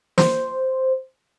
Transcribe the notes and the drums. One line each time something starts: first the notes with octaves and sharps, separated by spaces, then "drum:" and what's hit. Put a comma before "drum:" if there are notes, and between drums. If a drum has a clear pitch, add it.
C5, drum: snare